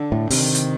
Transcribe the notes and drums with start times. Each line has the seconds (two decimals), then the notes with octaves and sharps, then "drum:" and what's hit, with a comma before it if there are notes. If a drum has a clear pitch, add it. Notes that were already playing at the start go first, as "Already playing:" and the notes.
Already playing: D3
0.12 A2
0.30 C3 D#3, drum: open hi-hat
0.55 drum: hi-hat